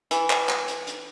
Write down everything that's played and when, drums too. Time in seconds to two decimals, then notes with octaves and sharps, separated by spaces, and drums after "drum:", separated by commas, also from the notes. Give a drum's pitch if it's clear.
0.11 E3, drum: hi-hat
0.30 drum: clap
0.49 drum: clap
0.68 drum: hi-hat
0.87 drum: hi-hat